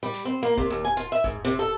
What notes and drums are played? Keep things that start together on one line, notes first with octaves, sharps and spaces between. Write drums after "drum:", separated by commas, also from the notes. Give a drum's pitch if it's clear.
G3
drum: snare
C4
A#3
C3, drum: kick E1, hi-hat
D#2
G#5
F4
E5
G#2, drum: kick E1, hi-hat
C3, drum: snare
A4